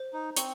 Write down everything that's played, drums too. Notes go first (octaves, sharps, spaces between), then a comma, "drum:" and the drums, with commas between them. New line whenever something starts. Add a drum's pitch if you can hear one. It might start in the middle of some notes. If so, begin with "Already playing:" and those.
Already playing: C5
D#4
C4 C#6, drum: hi-hat